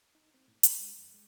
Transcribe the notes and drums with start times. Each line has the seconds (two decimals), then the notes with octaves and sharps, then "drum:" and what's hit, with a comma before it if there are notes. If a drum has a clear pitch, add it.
0.15 D#4
0.34 C4
0.48 A2
0.63 B5, drum: hi-hat
0.78 G#3
0.98 F2
1.14 G#3